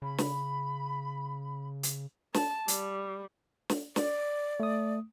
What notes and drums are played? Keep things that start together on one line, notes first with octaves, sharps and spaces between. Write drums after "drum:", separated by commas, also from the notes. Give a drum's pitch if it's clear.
C#3 B5
drum: snare
drum: hi-hat
A5, drum: snare
G3, drum: hi-hat
drum: snare
D5, drum: snare
A3 D#6